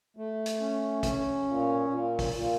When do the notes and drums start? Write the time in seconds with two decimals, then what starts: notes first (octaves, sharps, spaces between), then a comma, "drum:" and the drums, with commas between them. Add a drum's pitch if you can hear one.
0.17 A3
0.46 drum: hi-hat
0.60 C#4
1.03 C#4, drum: kick, hi-hat
1.47 A#2
1.90 A#2
2.19 drum: kick, open hi-hat
2.33 A#2